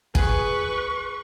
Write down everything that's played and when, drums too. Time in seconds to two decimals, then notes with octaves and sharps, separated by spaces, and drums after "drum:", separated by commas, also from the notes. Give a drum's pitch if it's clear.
0.15 G#4 B4 C#6, drum: kick